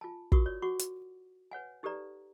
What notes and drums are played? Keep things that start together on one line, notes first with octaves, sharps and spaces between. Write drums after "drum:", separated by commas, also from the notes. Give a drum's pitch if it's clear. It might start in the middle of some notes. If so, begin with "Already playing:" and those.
F4 G#5 A5
F4 F#4 A#4 C#6 D#6, drum: kick
C#5 D5
F#4 F#5 C#6 D6
drum: hi-hat
B4 C#5 F#5 G#5
D#4 G4 A4 B4 D5 A#5